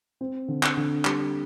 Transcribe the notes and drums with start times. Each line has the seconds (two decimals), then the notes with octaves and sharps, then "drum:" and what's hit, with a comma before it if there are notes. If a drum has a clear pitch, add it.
0.21 C4
0.48 D3
0.63 drum: clap
0.77 D3
1.05 G3, drum: clap